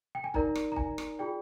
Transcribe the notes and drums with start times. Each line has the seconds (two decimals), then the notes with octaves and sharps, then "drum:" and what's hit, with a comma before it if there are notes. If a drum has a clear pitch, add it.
0.15 G5
0.24 G#5
0.34 D#4 A#4 D5 A#5, drum: kick
0.55 drum: rim click
0.72 A#5
0.76 G#5, drum: kick
0.98 drum: rim click
1.19 F4 G#4 D5 G5